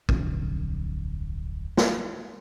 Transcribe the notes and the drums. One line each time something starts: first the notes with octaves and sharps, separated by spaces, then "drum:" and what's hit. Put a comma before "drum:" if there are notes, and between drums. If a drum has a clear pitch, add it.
D1 B1 F2 D3, drum: kick
drum: snare